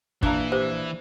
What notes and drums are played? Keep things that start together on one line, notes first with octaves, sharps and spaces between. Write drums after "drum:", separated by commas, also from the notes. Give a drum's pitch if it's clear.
A#1 E3 D4 F5 A5 A#5 F#6, drum: kick
G4 C5